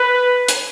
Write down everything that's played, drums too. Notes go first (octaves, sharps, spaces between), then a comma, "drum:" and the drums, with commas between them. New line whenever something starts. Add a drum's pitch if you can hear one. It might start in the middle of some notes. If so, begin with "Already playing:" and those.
Already playing: B4
drum: hi-hat